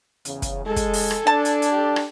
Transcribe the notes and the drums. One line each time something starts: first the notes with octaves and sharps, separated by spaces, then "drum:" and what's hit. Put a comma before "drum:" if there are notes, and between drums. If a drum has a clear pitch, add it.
E2 C#3, drum: hi-hat
drum: kick, hi-hat
G#3 A4 G#5
drum: kick, hi-hat
drum: open hi-hat
drum: rim click
D4 A5
drum: hi-hat
drum: hi-hat
G4 A4
drum: rim click